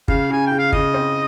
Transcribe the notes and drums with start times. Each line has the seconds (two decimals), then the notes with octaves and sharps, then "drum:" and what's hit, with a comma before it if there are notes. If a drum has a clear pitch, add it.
0.08 C#3 F5, drum: kick
0.30 C#3 G#5
0.46 C#3 G5
0.59 F5
0.72 C#3 D#5, drum: kick
0.94 C4